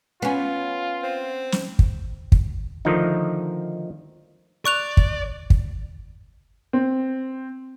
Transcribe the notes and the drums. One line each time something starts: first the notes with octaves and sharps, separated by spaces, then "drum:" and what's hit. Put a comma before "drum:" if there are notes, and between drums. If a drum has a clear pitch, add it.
B3 C#4 F4
C4
drum: snare
drum: kick
drum: kick
D3 D#3 F3 A3 D#4
D5 C#6 F#6 F7
drum: kick
drum: kick
C4